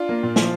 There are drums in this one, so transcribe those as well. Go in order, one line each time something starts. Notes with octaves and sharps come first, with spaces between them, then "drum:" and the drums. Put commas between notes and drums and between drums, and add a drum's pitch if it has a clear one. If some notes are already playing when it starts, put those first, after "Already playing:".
Already playing: D4 F4
A#3
A#2
F3, drum: snare